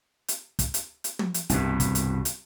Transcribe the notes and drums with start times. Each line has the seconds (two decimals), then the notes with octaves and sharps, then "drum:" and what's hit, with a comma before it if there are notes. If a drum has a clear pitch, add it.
0.28 drum: hi-hat
0.59 drum: kick, hi-hat
0.74 drum: hi-hat
1.04 drum: hi-hat
1.19 drum: tom
1.34 drum: hi-hat
1.49 C2 G2 B2, drum: hi-hat
1.80 drum: kick, hi-hat
1.95 drum: hi-hat
2.25 drum: hi-hat